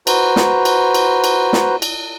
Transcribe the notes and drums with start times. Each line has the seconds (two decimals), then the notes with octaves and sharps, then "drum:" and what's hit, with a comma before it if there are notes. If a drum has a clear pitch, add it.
0.07 F#4 B4 C5 A#5, drum: cymbal
0.36 drum: snare
0.65 drum: cymbal
0.94 drum: cymbal
1.24 drum: cymbal
1.53 drum: snare
1.82 drum: cymbal